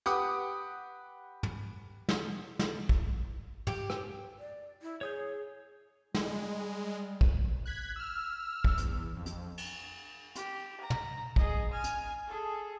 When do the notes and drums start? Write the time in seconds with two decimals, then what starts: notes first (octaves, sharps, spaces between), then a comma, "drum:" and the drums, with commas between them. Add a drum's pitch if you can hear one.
0.06 G4 B4 F#5 D6 D#6, drum: hi-hat
1.43 drum: tom
2.09 drum: snare
2.59 drum: snare
2.89 drum: kick
3.67 G4, drum: tom
3.90 drum: rim click
4.40 D5
4.82 E4
5.01 G#4 C#5 D#6 G6
6.15 G3 G#3, drum: snare
7.21 drum: kick
7.66 F#6 G#6 B6
7.96 E6 F6
8.64 drum: kick
8.78 E2, drum: hi-hat
9.17 F2
9.26 drum: hi-hat
9.58 drum: cymbal
10.36 G4, drum: hi-hat
10.80 A#5
10.90 drum: tom
11.36 G#4 D#5, drum: kick
11.71 G#5 F6
11.84 drum: hi-hat
12.28 G#4 A4